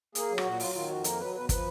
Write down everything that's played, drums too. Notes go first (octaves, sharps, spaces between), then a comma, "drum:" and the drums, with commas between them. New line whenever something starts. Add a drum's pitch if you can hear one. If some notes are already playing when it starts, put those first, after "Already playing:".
A#3 G#4, drum: hi-hat
F#3
F#4, drum: rim click
A#2
F#3 F4, drum: open hi-hat
D#3 F4
F2 F#4
A#3 A#4, drum: hi-hat
F#3 B4
B2 B4
F3 B4, drum: kick, hi-hat